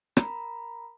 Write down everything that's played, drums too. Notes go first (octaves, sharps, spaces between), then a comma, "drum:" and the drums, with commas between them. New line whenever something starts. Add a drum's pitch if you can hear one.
A#4 A#5 B5, drum: rim click